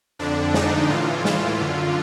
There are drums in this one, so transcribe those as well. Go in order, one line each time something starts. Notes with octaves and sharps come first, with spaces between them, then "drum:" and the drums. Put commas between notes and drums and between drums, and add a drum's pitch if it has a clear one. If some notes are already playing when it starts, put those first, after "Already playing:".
F2 D3 D4
D#4, drum: snare
A2 E3 F4
drum: snare
F#2 D3